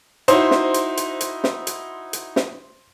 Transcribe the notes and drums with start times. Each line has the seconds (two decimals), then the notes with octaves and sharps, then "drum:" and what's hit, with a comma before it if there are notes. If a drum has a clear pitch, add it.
0.28 D#4 E4 F#4 C5, drum: hi-hat
0.51 drum: snare
0.74 drum: hi-hat
0.97 drum: hi-hat
1.21 drum: hi-hat
1.44 drum: snare
1.67 drum: hi-hat
2.13 drum: hi-hat
2.36 drum: snare